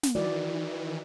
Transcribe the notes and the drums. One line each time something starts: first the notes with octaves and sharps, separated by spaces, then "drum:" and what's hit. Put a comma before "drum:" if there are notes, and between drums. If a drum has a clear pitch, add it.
drum: snare
D#3 E3 F#4 D5